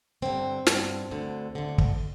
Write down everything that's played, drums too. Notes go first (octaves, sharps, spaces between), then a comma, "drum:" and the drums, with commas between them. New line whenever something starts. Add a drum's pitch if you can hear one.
G2 D3 C4
G2 D3, drum: snare
D2 D3
D2 D3
drum: kick